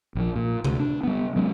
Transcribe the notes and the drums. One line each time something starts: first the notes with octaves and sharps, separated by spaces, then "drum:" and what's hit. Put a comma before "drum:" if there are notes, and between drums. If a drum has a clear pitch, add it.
A#1 F3
A#2
D2, drum: tom C3
D4
G3 B3
F#3 G#3 B3 C#4